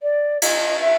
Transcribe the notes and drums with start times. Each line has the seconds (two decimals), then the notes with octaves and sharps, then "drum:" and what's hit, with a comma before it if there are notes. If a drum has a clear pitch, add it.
0.02 D5
0.42 D#5, drum: cymbal
0.81 E5